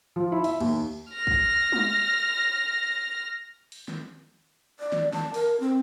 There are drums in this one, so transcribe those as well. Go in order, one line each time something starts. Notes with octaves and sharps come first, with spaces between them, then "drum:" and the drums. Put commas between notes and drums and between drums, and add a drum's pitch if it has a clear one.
F3
E4
E5, drum: open hi-hat
D#2, drum: cymbal
F6 A#6
drum: kick
drum: tom G3
drum: open hi-hat
drum: snare
D5
drum: snare
A5, drum: snare
A#4, drum: open hi-hat
C4